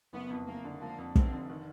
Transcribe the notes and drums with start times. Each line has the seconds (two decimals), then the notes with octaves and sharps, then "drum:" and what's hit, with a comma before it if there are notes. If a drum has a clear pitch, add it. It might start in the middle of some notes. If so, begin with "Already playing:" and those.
0.13 F#1 B3
0.30 F2
0.47 F#1 A#3
0.64 D3
0.81 F3 A#3
0.98 F2
1.15 F1 C4, drum: kick
1.32 D3
1.49 D#3